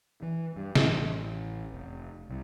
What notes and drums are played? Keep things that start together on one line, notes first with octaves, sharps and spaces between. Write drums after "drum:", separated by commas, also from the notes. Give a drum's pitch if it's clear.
E3
G2
A1, drum: snare
F1
C2